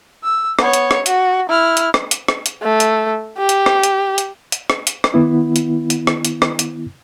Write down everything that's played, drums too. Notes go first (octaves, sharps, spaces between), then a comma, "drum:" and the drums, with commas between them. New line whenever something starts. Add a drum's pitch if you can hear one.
E6
B3 C#5, drum: rim click
drum: hi-hat
drum: rim click
F#4, drum: hi-hat
E4 F6
drum: hi-hat
drum: rim click
drum: hi-hat
drum: rim click
drum: hi-hat
A3
drum: hi-hat
G4
drum: hi-hat
drum: rim click
drum: hi-hat
drum: hi-hat
drum: hi-hat
drum: rim click
drum: hi-hat
drum: rim click
D#3 B3 E4
drum: hi-hat
drum: hi-hat
drum: rim click
drum: hi-hat
drum: rim click
drum: hi-hat